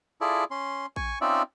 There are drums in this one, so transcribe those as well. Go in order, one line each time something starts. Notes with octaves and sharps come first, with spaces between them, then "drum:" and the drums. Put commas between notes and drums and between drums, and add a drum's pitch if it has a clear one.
E4 F4 G#4 A4 D5
C#4 C6
G#5 C#6, drum: kick A1
C4 C#4 D#4 F4 D5 E5